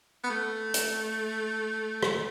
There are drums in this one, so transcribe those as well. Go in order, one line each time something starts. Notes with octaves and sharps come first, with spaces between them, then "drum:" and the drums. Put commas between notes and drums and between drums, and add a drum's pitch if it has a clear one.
B3
A3
drum: hi-hat
drum: rim click